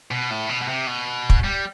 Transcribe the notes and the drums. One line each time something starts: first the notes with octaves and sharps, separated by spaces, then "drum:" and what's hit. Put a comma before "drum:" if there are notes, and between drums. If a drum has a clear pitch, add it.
B2
A2
B2
B2
C3
B2
drum: kick
G3